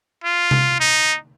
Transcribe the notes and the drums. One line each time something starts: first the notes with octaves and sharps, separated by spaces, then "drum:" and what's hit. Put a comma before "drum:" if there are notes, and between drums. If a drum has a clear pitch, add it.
F4
drum: tom C3
D#4